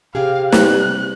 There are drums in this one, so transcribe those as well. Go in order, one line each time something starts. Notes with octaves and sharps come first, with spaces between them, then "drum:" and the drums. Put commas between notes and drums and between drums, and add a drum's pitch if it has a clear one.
C3 G4 G#4 F5
G3 C4 B4 F#6, drum: snare